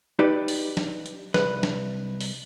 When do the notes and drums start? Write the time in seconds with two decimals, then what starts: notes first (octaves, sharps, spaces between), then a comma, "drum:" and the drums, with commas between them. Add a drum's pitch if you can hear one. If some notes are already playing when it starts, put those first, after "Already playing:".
0.19 D#4 G4 B4 D5
0.48 drum: open hi-hat
0.77 drum: snare
1.06 drum: hi-hat
1.34 C2 B4, drum: snare
1.63 drum: snare
2.21 drum: open hi-hat